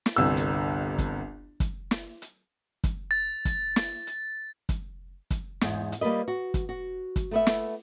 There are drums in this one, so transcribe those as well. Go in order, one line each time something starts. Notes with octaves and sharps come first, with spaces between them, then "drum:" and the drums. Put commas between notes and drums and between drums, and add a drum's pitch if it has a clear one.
drum: snare
G1 C2 E6
drum: hi-hat
drum: kick, hi-hat
drum: kick, hi-hat
drum: snare
drum: hi-hat
drum: kick, hi-hat
A6
drum: kick, hi-hat
drum: snare
drum: hi-hat
drum: kick, hi-hat
drum: kick, hi-hat
E2 G#2, drum: snare
drum: hi-hat
G3 A#3 F4 B4 D#5
F#4
drum: kick, hi-hat
F#4
drum: kick, hi-hat
A3 B3 E5
drum: snare